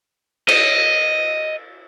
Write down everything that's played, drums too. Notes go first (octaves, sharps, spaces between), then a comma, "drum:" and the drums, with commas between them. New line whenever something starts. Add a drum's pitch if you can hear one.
D#5, drum: cymbal